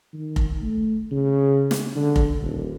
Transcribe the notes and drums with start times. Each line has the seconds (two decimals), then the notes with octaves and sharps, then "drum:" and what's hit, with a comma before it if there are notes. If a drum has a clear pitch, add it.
0.14 D#3
0.36 drum: kick F1
0.62 A3
1.12 C#3
1.71 drum: snare
1.96 D3
2.16 drum: kick F1
2.41 D#1